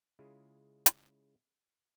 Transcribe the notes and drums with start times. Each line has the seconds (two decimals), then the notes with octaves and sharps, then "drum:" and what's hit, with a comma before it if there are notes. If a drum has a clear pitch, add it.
0.19 C#3 G#3 E4 F4
0.86 drum: hi-hat